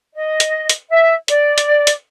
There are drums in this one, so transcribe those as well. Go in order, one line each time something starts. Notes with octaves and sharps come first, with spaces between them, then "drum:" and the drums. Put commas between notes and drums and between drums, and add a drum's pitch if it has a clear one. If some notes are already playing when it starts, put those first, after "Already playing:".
D#5
drum: hi-hat
drum: hi-hat
E5
D5, drum: hi-hat
drum: hi-hat
drum: hi-hat